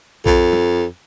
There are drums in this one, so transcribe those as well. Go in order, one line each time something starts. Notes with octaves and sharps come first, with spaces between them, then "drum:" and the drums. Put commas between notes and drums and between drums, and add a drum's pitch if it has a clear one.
F2, drum: kick A#1
drum: snare